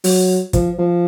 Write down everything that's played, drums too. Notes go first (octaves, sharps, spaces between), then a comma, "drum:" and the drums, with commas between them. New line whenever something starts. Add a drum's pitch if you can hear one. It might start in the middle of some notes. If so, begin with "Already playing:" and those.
F#3, drum: open hi-hat
F3, drum: kick, hi-hat
F3